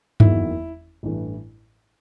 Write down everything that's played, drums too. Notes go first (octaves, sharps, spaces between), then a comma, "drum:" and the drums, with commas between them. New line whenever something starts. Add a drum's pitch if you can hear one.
F#1 E2 D#3 F#3 E4, drum: tom G2
A1 G2 E3 A3